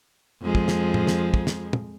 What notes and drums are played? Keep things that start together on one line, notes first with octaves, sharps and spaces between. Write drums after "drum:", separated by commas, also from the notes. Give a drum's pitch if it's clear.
F2 F3 G#3
drum: kick
drum: snare
drum: tom
drum: snare
drum: kick
drum: snare
drum: tom